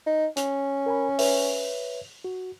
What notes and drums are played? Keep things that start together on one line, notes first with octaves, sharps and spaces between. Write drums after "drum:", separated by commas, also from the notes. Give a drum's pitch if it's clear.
D#4
C#4, drum: hi-hat
A#4 G#5 B5
B4 C#5 E5, drum: open hi-hat
F#4